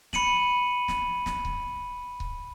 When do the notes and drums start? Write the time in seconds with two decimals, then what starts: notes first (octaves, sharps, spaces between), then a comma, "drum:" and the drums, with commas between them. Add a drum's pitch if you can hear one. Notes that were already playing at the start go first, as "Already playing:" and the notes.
0.13 B5 C#7 D#7 F#7, drum: snare
0.88 drum: snare
1.26 drum: snare
1.45 drum: kick C#1
2.20 drum: kick C#1